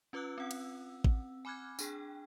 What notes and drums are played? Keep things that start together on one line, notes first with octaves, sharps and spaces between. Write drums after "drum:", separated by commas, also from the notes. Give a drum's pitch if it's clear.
C#4 F4 B4 D6 E6 F#6
C4 F#5 E6
drum: cymbal
drum: kick A1
G#5 B5 D6 F6 F#6 G#6
D4 G#4 G5, drum: tambourine